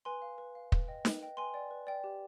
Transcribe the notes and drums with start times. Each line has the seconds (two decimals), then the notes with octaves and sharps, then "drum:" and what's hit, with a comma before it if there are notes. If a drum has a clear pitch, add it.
0.05 B4 G#5 C6
0.22 F5
0.38 B4
0.55 F5
0.72 B4, drum: kick
0.88 D#5 G5
1.05 B4, drum: snare
1.21 D#5 G5
1.37 B4 G#5 C6
1.54 D5 G5
1.71 B4
1.87 D5 G5
2.04 G4